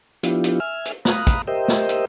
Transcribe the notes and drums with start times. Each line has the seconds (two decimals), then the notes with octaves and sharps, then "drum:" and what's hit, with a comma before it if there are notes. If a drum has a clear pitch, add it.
0.23 F3 B3 D4 E4 F4 G4, drum: hi-hat
0.44 drum: hi-hat
0.60 E5 G#5 F6
0.85 drum: hi-hat
1.05 F5 A#5 B5 D#6 F#6, drum: snare
1.27 drum: kick, hi-hat
1.48 G4 A#4 C5 D#5 E5 G5
1.68 drum: snare
1.89 drum: hi-hat